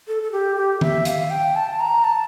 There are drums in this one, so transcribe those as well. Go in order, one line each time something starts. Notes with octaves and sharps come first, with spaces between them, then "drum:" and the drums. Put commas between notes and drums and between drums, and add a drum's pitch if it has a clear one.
A4
A4
G4
G4
E5, drum: tom D#3
F5, drum: hi-hat
G5
A5
A#5
A5